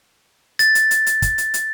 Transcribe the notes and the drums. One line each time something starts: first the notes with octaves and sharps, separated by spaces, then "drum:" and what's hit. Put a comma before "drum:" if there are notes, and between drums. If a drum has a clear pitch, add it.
A6, drum: hi-hat
drum: hi-hat
drum: hi-hat
drum: hi-hat
drum: kick, hi-hat
drum: hi-hat
drum: hi-hat